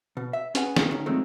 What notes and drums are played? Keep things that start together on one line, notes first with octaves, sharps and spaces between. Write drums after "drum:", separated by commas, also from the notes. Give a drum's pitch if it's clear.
B2
E5
C#4 G#4 B4 F#5 G#5, drum: hi-hat
A#3 C#4 D4 F#4 G#4, drum: snare
D2 D#3 C#4
A#2 D#3 F3 G#3 A3 C4